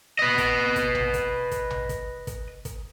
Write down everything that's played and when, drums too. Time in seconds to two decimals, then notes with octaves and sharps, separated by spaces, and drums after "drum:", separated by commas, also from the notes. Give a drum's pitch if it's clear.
0.19 B4 D#5
0.38 drum: kick, hi-hat
0.76 drum: kick, hi-hat
0.95 drum: tom A#1
1.14 drum: kick, hi-hat
1.51 drum: kick, hi-hat
1.70 drum: tom A#1
1.89 drum: kick, hi-hat
2.27 drum: kick, hi-hat
2.65 drum: kick, hi-hat